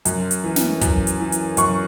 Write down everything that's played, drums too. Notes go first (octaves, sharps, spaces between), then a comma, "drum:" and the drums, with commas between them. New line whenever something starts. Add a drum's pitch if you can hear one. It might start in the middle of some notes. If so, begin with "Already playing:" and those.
F#2, drum: hi-hat
drum: hi-hat
E3
drum: snare
F#2, drum: kick, hi-hat
drum: hi-hat
E3
drum: hi-hat
F#2 C#6, drum: hi-hat